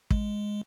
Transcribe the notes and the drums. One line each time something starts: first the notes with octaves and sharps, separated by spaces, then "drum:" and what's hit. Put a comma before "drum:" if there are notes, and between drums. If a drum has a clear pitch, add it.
G#3, drum: kick